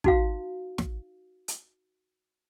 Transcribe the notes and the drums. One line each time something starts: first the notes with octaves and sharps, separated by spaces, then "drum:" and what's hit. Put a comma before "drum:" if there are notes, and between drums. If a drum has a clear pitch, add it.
D#4 F#4 F5, drum: kick
drum: snare
drum: hi-hat